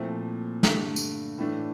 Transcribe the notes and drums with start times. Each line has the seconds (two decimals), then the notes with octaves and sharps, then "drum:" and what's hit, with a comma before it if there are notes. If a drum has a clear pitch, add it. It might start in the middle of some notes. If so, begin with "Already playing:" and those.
Already playing: A#2 F3 A3 C4 E4
0.63 G2 D3 A3, drum: snare
0.96 drum: tambourine
1.38 A2 E3 A3 D4